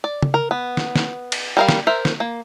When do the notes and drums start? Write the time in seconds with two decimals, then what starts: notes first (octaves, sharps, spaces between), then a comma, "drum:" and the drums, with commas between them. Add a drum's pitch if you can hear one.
0.04 D5
0.22 drum: tom C#3
0.34 A#4
0.51 B3
0.77 drum: snare
0.96 drum: snare
1.32 drum: cymbal
1.57 G3 A#4 F5
1.69 drum: snare
1.87 A#4 C5 E5
2.05 drum: snare
2.20 A#3